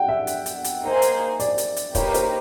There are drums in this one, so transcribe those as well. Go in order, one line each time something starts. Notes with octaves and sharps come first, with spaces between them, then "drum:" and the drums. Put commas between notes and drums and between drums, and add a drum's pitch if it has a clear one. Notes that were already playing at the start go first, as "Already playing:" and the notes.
Already playing: F#5 G5
E5
drum: hi-hat
drum: hi-hat
drum: hi-hat
A#3 D#4 G#4 C5
drum: hi-hat
D5, drum: hi-hat
drum: hi-hat
drum: hi-hat
A#3 D#4 G4 B4 C#5, drum: kick, hi-hat
C5, drum: hi-hat